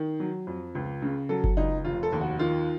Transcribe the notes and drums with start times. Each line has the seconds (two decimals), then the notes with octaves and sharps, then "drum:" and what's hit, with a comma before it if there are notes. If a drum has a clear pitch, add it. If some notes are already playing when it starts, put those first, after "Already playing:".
Already playing: D#3
0.20 F#3
0.47 F2
0.75 C#2
1.02 C#3
1.29 F#3 A4
1.44 drum: kick F#1
1.57 C#2 D#4
1.84 F1 F4
2.03 A4
2.12 D#2
2.21 F#4
2.39 D#3 F4